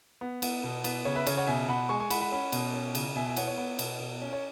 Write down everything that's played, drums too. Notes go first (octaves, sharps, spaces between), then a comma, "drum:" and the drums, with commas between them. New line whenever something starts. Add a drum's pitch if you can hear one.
B3
B3, drum: cymbal
B2
B3, drum: cymbal
C#3 C#5
B4 E5
C#3 C#5, drum: cymbal
C#5 F#5
B2 E5 G#5
B2 F#5 B5
G#3 G#5 C#6
G#5 C#6
G#3 F#5 B5, drum: cymbal
F#5 B5
C#4 F#5 B5
B2, drum: cymbal
C#4
C#3, drum: cymbal
B2 E5 G#5
E5 G#5
B3 C#5 F#5, drum: cymbal
C#5
B3
B2, drum: cymbal
B2
C#4
C#5